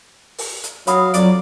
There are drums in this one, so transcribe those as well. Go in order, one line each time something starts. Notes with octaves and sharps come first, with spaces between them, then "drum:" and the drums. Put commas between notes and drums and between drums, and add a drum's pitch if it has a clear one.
drum: open hi-hat
drum: hi-hat
F#3 C#5 F5 B5 D#6, drum: hi-hat
F2 F#3 D5 D7, drum: hi-hat